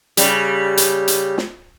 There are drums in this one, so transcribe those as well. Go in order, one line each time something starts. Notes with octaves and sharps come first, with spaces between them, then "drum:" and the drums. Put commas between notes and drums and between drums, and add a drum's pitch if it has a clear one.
C#3 G3, drum: hi-hat
drum: hi-hat
drum: hi-hat
drum: snare